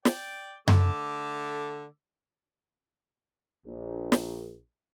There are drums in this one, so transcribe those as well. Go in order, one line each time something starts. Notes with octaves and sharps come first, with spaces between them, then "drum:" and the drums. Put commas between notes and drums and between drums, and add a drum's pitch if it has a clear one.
D5 G5, drum: snare
D3 A3 D6 E6, drum: tom F#2
A#1
drum: snare